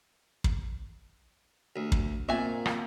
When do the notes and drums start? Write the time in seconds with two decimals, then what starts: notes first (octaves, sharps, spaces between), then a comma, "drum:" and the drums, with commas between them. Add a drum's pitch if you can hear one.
0.44 drum: kick
1.76 D2
1.92 drum: kick
2.29 A#2 A#3 C4 E5 G#5
2.66 drum: rim click